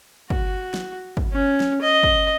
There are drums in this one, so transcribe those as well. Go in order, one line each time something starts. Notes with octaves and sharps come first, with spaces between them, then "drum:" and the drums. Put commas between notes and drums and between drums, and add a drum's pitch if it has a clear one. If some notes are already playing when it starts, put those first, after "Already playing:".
F#4, drum: kick
drum: snare
drum: kick
C#4
drum: snare
D#5
drum: kick